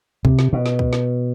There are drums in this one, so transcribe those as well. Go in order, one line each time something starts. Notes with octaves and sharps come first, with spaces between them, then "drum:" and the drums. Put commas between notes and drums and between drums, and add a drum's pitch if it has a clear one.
C3, drum: kick
drum: snare
B2
drum: snare
drum: kick
drum: snare